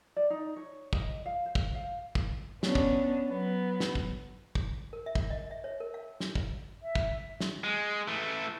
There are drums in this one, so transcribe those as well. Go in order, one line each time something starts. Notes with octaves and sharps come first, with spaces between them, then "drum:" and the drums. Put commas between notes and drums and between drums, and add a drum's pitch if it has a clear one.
D5
D#4
C#5
D#5, drum: kick
F5
C5
drum: kick
F5
drum: kick
B3 C#4 D4, drum: snare
drum: kick
F#3 B3
drum: snare
drum: kick
drum: kick
A#4
E5
drum: kick
D#5
E5
C#5
A#4
F5
drum: snare
drum: kick
E5
drum: kick
drum: snare
G#3
E3 A3